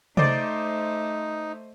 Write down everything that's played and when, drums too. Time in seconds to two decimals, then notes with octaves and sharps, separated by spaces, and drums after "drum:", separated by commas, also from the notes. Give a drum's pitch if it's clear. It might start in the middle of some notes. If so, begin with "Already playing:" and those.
0.17 A3 D#4 C5 D5 D#5 D6, drum: tom C3